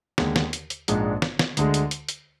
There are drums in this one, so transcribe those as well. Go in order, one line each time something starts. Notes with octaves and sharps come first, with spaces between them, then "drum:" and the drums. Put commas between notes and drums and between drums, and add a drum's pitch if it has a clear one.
D#2 D3 G#3, drum: snare
drum: snare
drum: hi-hat
drum: hi-hat
A#1 G#2 F3 G#3 D4, drum: hi-hat
drum: snare
drum: snare
D2 D3 G#3, drum: hi-hat
drum: hi-hat
drum: hi-hat
drum: hi-hat